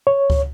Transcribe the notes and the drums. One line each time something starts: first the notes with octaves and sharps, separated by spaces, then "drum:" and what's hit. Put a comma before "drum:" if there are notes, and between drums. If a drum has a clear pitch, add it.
C#5
drum: kick C#2